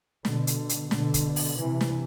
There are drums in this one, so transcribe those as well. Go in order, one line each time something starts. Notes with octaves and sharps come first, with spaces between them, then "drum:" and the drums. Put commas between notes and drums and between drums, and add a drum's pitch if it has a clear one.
B2 D3, drum: snare
drum: hi-hat
drum: hi-hat
B2 D3, drum: snare
drum: kick, hi-hat
drum: open hi-hat
C3 E3
drum: snare